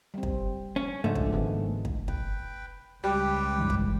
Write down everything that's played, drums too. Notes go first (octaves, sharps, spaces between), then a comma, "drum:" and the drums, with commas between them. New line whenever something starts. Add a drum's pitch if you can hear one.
G3 C4
drum: kick
C#4
G#2 C#3 F3 A3 D4
drum: kick
D#3 G#3 B3
drum: kick
B4 G5, drum: kick
C#2 G3 G4 B4 G5
G2 E3
drum: kick